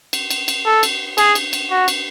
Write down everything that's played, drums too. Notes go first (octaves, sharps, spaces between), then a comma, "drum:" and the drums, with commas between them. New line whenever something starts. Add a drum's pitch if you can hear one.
drum: cymbal
drum: cymbal
drum: cymbal
A4
drum: cymbal
G#4, drum: cymbal
drum: cymbal
drum: cymbal
F#4
drum: cymbal